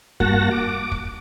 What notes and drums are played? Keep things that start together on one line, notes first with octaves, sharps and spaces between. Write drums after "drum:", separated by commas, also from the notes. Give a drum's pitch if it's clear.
G2 A#3 F#4 F#5 A5 A#6, drum: kick
D6
drum: kick